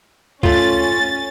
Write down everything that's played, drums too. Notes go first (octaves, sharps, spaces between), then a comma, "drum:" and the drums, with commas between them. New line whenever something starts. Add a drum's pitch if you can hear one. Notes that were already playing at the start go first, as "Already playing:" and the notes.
A3 C#4 F4 A6, drum: kick